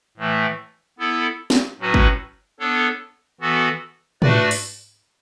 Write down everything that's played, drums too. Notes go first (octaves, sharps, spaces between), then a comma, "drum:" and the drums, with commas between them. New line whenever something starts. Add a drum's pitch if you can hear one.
A2 E3 A3
B3 E4 A4
drum: snare
A2 F#3 C#4 F#4 B4
drum: kick
B3 D4 A4 C#5
E3 B3 F#4 A4
A3 D4 F#4 B4 D5, drum: tom
drum: open hi-hat